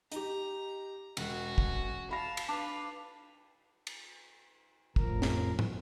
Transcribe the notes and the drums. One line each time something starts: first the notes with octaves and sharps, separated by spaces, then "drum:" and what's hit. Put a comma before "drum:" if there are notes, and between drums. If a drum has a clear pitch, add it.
D#4 G4 A#5, drum: hi-hat
E1 C#4 F#4, drum: cymbal
drum: kick
F5 A5 B5 A#6
drum: cymbal
D4 B4 F5
drum: cymbal
F2 A2 F3 A#4, drum: kick
drum: snare
drum: tom